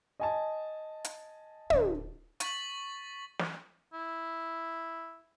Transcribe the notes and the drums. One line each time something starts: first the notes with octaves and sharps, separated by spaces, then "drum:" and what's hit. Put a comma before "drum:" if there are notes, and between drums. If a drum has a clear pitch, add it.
D#5 G#5 A5
drum: hi-hat
D1 D4, drum: tom
C#6 A6 B6 F#7, drum: hi-hat
drum: snare
E4